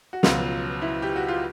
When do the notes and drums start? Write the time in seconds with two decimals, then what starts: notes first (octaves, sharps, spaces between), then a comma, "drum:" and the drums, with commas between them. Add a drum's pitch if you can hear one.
0.13 F#4
0.23 C#2 B2 F3 F#3 B3 F4, drum: snare
0.82 E4
1.02 G4
1.16 F#4
1.28 F4